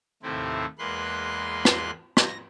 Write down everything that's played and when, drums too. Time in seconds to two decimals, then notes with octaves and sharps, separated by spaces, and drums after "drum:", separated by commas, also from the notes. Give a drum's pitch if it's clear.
0.23 D#2 A2 C3 A3 C4 E4
0.79 E2 G#3 A#3 B4 C6 F#6
1.65 drum: rim click
2.17 A#6, drum: rim click